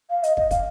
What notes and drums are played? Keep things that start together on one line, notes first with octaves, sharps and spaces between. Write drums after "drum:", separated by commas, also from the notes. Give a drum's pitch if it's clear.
F5
D#5, drum: hi-hat
D#5, drum: kick
F5, drum: kick, hi-hat